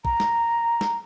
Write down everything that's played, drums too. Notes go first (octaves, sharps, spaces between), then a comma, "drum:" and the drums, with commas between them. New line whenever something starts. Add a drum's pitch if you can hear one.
A#5, drum: kick A#1
drum: snare
drum: snare